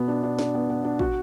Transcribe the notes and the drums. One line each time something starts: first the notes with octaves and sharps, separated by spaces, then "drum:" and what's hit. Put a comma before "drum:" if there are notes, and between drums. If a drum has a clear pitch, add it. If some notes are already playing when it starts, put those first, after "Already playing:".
Already playing: B2 B3
D4
D4
D4, drum: snare
B3
B3
D4
F#4, drum: kick